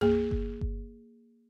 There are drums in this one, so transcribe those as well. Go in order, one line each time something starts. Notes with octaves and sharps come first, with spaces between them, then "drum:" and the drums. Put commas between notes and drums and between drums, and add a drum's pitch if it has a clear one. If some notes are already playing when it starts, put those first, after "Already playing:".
A#3 G#4, drum: tom F2
drum: kick G1
drum: kick G1